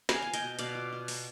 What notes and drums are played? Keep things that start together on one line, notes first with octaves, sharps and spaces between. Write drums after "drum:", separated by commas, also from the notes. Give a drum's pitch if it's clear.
B3 F5 G#5, drum: snare
F4 G#5
D#5 G5, drum: hi-hat
B2
B2 D5 F5, drum: hi-hat
F4
F4
B3, drum: open hi-hat